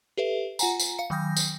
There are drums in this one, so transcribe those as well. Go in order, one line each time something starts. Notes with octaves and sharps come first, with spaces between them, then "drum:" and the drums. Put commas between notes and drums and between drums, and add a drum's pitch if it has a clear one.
G4 A4 B4 E5
F4 F#5 G#5 A#5, drum: tambourine
drum: tambourine
F5 C#7
D#3 F#3 G5 D#6 G6 A#6
drum: tambourine